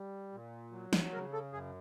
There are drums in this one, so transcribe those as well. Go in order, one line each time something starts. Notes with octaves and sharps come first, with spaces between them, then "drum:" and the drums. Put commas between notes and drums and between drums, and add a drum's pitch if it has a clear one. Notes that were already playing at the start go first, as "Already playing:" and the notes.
Already playing: G3
A#2
F#3
drum: snare
C#3 A#4
A4
F#2 G#4